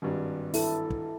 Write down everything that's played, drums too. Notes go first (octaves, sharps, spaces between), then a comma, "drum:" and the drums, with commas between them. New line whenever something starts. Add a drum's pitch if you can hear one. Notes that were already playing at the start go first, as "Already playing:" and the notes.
G#1 G2
E4 A4, drum: open hi-hat
drum: kick